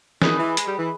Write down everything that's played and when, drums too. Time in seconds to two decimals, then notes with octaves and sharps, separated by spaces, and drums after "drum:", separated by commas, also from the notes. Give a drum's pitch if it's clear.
0.22 D#3 G#4 B4 D#5, drum: snare
0.39 E3
0.57 G#3, drum: hi-hat
0.67 G3
0.78 E3